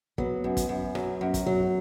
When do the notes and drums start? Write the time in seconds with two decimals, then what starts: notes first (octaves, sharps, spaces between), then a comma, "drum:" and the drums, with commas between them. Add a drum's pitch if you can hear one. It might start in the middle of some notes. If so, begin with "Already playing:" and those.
0.18 F#3 B3, drum: kick
0.44 F#2
0.57 drum: kick, hi-hat
0.69 F#2
0.95 F#3, drum: rim click
1.21 F#2
1.34 drum: kick, hi-hat
1.46 F#3